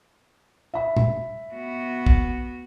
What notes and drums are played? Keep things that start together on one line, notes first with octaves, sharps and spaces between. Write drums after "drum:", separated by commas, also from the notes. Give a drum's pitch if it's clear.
E5 B5
drum: tom
B3 F#4
drum: kick